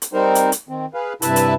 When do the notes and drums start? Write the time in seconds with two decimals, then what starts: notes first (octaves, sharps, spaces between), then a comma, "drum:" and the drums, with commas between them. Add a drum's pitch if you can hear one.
0.02 drum: hi-hat
0.13 G3 C4 D#4 A#4 C5
0.35 drum: hi-hat
0.52 drum: hi-hat
0.69 D#3 C4
0.94 G#4 B4 F5
1.22 G2 C3 E4 B4 E5 A5, drum: hi-hat
1.36 drum: hi-hat